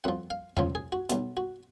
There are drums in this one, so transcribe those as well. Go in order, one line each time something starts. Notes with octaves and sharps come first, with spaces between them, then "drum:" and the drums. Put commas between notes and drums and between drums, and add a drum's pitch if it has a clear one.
F2 F3 F#5
F5
C#2 C#3 F3 F5, drum: tom E2
G#4
F#4
B1 B2, drum: hi-hat
F#4